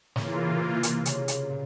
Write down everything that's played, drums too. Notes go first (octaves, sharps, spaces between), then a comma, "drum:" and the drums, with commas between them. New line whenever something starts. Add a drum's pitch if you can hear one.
C#3 E3 A#3 F4, drum: snare
C3
A#2
C3
drum: hi-hat
C#3, drum: hi-hat
drum: hi-hat
A#2